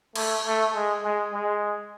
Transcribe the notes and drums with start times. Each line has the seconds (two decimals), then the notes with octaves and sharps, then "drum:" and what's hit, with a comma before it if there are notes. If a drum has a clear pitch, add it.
0.16 A3, drum: cymbal
0.45 A3
0.74 G#3
1.03 G#3
1.33 G#3